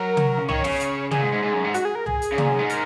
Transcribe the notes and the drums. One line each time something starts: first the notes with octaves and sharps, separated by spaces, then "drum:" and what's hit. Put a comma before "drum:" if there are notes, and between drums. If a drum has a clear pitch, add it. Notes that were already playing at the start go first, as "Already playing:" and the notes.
Already playing: F#3 A#4
drum: tom
C#3
D#3 C#5, drum: tom C2
C#3, drum: snare
drum: hi-hat
A#2 G#4, drum: tom
G#2
G#2
G#2
F#2
G#2
F#4, drum: hi-hat
G#4
A#4
G#4, drum: tom C2
drum: hi-hat
C#3
A#2, drum: tom
F#2
G#2
A#4, drum: hi-hat